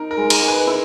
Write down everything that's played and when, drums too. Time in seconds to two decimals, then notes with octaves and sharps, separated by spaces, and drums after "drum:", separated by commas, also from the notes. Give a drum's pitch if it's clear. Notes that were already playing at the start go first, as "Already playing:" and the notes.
Already playing: D#4 A#4
0.11 A#4
0.17 G#3
0.30 A#4, drum: cymbal
0.42 G#4
0.48 B4
0.67 E4